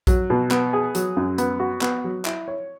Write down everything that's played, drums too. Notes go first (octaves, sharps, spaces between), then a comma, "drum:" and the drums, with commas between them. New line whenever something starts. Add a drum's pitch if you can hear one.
F#3, drum: kick A#1, hi-hat
B2
B3, drum: clap
G#4
F#3, drum: hi-hat
F#2
B3, drum: hi-hat
F#4
B3, drum: clap
F#3
E4, drum: clap
C#5